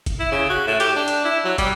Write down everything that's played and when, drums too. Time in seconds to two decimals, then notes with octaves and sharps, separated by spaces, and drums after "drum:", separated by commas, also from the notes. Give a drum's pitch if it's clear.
0.06 drum: kick, hi-hat
0.20 E4
0.31 C#3
0.50 F#4
0.67 A2
0.80 G4, drum: hi-hat
0.96 D4
1.08 drum: hi-hat
1.25 E4
1.45 F#3
1.58 G3, drum: kick, hi-hat